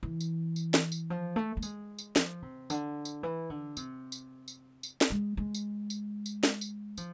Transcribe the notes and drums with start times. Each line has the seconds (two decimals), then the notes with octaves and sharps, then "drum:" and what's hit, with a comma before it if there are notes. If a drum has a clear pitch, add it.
0.03 E3
0.20 drum: tambourine
0.56 drum: tambourine
0.74 drum: snare
0.92 drum: tambourine
1.10 F3
1.36 A3
1.57 A3
1.62 G#3, drum: tambourine
1.99 drum: tambourine
2.16 F3, drum: snare
2.42 C3
2.70 D3, drum: tambourine
3.05 drum: tambourine
3.23 E3
3.50 D3
3.77 C3, drum: tambourine
4.12 drum: tambourine
4.48 drum: tambourine
4.83 drum: tambourine
5.01 drum: snare
5.10 G#3
5.37 G#3
5.55 drum: tambourine
5.90 drum: tambourine
6.26 drum: tambourine
6.44 drum: snare
6.61 drum: tambourine
6.97 F3, drum: tambourine